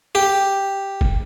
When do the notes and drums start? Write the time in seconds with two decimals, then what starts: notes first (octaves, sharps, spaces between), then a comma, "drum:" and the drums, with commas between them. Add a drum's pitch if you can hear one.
0.15 G4
1.01 drum: kick